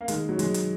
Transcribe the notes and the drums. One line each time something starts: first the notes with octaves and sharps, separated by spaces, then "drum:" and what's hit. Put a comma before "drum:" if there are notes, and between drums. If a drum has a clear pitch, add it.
A#3
D#3 G#3, drum: hi-hat
F#3
F#3 G#3, drum: hi-hat
drum: hi-hat